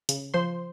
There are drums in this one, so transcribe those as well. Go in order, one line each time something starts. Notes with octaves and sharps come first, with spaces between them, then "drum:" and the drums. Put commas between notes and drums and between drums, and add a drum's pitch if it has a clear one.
C#3, drum: hi-hat
F3 C5 C6